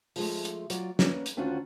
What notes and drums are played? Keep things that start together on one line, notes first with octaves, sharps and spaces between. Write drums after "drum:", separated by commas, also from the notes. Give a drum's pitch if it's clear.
F3 G#3 A3, drum: open hi-hat
drum: hi-hat
F#3 F4 D5, drum: hi-hat
A#3 C#4 B4 D5, drum: snare
drum: hi-hat
D2 D#3 C#4 D4 F4 F#4